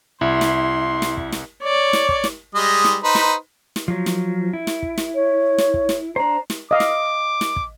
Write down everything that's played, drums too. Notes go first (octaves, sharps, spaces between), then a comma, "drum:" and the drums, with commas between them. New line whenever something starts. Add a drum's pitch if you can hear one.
C2 E4 C6
drum: snare
drum: snare
drum: kick
drum: snare
C#5 D5
drum: snare
drum: kick
drum: snare
G3 G#3 D#5
drum: snare
D#4 B4 C5
drum: snare
drum: snare
F3 F#3
drum: snare
E4
drum: snare
drum: kick
drum: snare
C#5
drum: snare
drum: kick
drum: snare
D4 C5 A#5
drum: snare
D#5 F5 D6
drum: snare
drum: snare
drum: kick